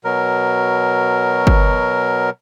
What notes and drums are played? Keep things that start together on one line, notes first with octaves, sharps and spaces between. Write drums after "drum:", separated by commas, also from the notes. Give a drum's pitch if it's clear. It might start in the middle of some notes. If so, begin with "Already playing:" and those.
B2 F#3 A#4
drum: kick G1